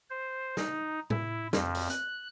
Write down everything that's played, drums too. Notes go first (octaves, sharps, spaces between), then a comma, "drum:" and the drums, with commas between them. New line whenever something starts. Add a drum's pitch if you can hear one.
C5
D#4, drum: snare
E4, drum: tom A2
F2, drum: snare
drum: open hi-hat
F#6, drum: hi-hat